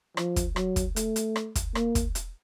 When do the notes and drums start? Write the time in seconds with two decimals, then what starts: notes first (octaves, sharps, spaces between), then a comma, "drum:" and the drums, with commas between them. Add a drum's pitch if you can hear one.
0.17 F3, drum: rim click
0.36 drum: kick, hi-hat
0.56 F#3, drum: rim click
0.76 drum: kick, hi-hat
0.96 A3, drum: hi-hat
1.16 drum: hi-hat
1.36 drum: rim click
1.55 drum: kick, hi-hat
1.75 A#3, drum: rim click
1.95 drum: kick, hi-hat
2.15 drum: hi-hat